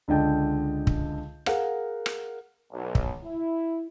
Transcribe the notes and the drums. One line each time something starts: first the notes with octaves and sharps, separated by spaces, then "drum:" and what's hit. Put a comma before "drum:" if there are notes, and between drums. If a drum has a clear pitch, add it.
C#2 D3 D#5 G5 A5
drum: kick
G#4 A#4 F5 F#5, drum: rim click
drum: rim click
B1
drum: kick
E4